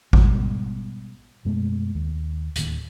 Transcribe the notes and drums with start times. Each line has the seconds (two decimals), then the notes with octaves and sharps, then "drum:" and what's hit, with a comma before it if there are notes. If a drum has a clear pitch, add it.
0.13 B2 G3 G#3, drum: kick G#1
1.45 F#2 B2 G#3 A3
1.95 D#2
2.56 D1 D#2, drum: hi-hat